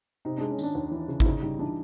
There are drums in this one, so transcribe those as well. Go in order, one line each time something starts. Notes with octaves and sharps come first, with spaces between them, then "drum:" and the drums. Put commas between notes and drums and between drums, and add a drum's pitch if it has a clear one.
C3 D#4
G#3 D4
C#4
D#3 D4, drum: tambourine
D#2
E3
C#3
E4, drum: kick G#1
C#3 D#4
G3 D#4
E3 D4